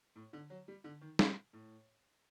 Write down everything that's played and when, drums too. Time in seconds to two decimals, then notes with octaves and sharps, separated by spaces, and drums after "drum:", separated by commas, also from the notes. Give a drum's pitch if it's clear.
0.16 A2
0.33 D3
0.50 F#3
0.68 G3
0.84 D3
1.01 D#3
1.19 B2, drum: snare
1.53 A2